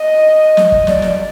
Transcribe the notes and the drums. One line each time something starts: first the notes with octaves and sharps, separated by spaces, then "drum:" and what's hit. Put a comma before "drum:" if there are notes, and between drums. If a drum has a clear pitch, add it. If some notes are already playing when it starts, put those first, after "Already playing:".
Already playing: D#5
drum: snare
drum: kick
D5, drum: snare
drum: snare